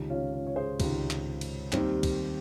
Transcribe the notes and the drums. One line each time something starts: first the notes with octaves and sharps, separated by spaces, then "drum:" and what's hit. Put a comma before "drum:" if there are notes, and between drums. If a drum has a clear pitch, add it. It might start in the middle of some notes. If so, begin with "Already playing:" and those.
Already playing: C#2 C3 D#3
C#4 F4
C#4
C#5
G#4 C5
C#2 C3 D#3, drum: kick, cymbal
drum: clap
drum: cymbal
D#2 D#3 G3 C4, drum: clap
drum: kick, cymbal